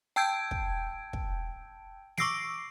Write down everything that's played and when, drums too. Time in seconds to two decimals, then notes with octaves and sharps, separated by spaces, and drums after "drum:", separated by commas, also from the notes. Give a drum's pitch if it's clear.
0.16 G5 A5 E6 G6 G#6 D7
0.51 drum: kick
1.13 drum: kick
2.18 C#6 D6 E6 A#6 C7 D7, drum: snare